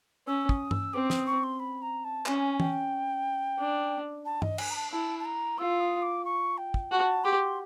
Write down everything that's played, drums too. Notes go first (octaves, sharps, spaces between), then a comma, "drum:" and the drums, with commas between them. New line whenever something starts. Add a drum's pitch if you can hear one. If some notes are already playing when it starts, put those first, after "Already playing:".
C#4 E6
D#6, drum: kick
E6, drum: tom G2
C4 D6
D#6, drum: snare
C#6
C6
B5
A#5
A5
C#4 G#5, drum: clap
G5, drum: tom E3
D4
A5
D#5, drum: tom G2
G#5, drum: cymbal
A#5
A5
E4 A5
A5
A#5
F4 E6
D#6
D6
C#6
G5
drum: kick
F#4 A5
G4 C6